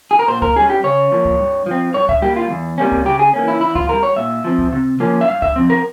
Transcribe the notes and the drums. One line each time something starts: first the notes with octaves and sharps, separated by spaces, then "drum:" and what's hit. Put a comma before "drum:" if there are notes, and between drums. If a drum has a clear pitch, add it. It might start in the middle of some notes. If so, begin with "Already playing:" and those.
G#4
A#4
A#2 C5
A#4, drum: kick C#2
G3 C#4 G#4
G4
C#3 C#5
F3 A#3
drum: kick C#2
G2
F3 C4
G2 C#5
E5, drum: kick C#2
G3 A#3 G4
F4
E2
C3 G3 A#3 C#4
drum: kick C#2
C#3 G4
G#4
E3 A#3 C#4
E4
E2 E4
F4, drum: kick C#2
E3 G3 A#4
C#5
A#2 E5
F3 C4
drum: kick C#2
C3
F3 A#3 C#4
E5
G2 F5
E5, drum: kick C#2
F3 C4
A#4